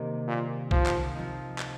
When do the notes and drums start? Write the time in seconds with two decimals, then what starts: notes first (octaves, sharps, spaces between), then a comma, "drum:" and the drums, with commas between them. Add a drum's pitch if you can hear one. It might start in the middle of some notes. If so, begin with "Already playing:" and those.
Already playing: C3 D#3 A#3 D#4
0.27 A#2
0.71 F3, drum: kick B1
0.86 drum: clap
1.15 F3 C4 D#4
1.58 drum: clap